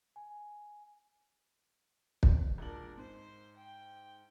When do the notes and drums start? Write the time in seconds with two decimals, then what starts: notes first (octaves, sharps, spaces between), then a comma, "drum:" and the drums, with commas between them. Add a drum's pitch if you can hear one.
0.16 G#5
2.23 drum: kick
2.58 E1 A#2 D4 A#4 F#7
2.97 G#2 C5
3.56 G5